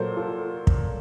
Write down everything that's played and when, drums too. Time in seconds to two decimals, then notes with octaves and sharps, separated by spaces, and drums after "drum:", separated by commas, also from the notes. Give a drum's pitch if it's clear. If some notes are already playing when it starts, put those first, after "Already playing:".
Already playing: A#2 F#3 A4 C5
0.17 F4 A4
0.67 drum: kick